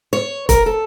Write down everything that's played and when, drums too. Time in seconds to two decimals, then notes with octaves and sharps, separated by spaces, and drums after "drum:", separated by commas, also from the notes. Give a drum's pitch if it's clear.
0.13 C#5
0.49 A#4, drum: kick F1, hi-hat
0.66 A4